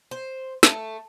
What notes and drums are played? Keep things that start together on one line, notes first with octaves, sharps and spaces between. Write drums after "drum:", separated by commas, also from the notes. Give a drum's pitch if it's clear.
C5
A3, drum: snare